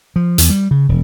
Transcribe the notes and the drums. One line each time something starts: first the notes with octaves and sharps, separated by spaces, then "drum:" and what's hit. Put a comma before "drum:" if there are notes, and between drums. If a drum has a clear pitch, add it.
F3
E2, drum: hi-hat
G3
C#3
E1